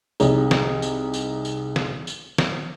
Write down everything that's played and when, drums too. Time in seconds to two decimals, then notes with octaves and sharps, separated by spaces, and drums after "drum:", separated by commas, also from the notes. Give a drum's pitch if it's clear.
0.20 C2 D#4 G#4, drum: tambourine
0.51 drum: snare
0.82 drum: tambourine
1.14 drum: tambourine
1.45 drum: tambourine
1.76 drum: snare
2.07 drum: tambourine
2.38 drum: snare